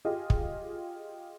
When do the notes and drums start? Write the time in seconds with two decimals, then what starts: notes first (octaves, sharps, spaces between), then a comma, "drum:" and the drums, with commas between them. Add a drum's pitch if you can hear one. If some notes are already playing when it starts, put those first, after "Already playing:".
0.05 F4 G4 G#4 D#5
0.30 drum: kick